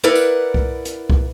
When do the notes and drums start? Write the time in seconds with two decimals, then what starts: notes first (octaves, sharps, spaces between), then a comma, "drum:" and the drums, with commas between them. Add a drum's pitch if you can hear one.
0.04 E4 A#4 B4 D5 F#5
0.15 drum: tambourine
0.54 drum: kick C2
0.85 drum: hi-hat
1.10 drum: kick C2